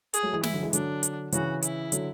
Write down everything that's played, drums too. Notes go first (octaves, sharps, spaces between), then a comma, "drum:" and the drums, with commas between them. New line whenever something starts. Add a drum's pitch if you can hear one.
G#4, drum: hi-hat
F#3 A3
E3 G#3
E3 G#3 E4, drum: snare
D3 F#3
E3 G#3
D3 F#3 D4, drum: hi-hat
drum: hi-hat
C#3 E3 F#4, drum: hi-hat
E4, drum: hi-hat
D3 F#3, drum: hi-hat